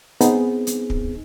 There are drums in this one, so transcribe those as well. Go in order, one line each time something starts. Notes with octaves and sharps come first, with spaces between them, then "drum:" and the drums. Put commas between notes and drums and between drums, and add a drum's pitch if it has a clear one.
B3 C4 D#4 G#4, drum: hi-hat
drum: hi-hat
drum: kick